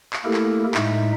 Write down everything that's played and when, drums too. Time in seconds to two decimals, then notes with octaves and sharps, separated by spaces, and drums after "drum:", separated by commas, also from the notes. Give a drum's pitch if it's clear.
0.13 drum: clap
0.24 A3 A#3 E4 G4 A4 A#4
0.34 drum: clap
0.74 A2 G#3 D#4 E5, drum: clap